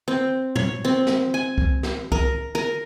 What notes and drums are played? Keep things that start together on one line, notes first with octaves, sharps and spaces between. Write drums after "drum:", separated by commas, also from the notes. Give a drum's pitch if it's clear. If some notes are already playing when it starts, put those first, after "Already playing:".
C4
C#5, drum: tom
C4
drum: snare
G#5
drum: kick C2
drum: snare
A#4, drum: kick C2
A#4